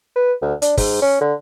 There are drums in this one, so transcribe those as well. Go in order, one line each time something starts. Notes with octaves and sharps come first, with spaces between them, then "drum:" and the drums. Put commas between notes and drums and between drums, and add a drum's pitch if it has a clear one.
B4
D2
D4, drum: hi-hat
G#2, drum: kick, open hi-hat
C#4
D3